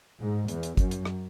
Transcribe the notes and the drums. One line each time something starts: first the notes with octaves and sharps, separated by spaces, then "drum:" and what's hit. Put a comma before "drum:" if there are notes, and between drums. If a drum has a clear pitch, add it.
G#2
E2, drum: hi-hat
drum: hi-hat
F#2, drum: kick, hi-hat
drum: hi-hat
drum: rim click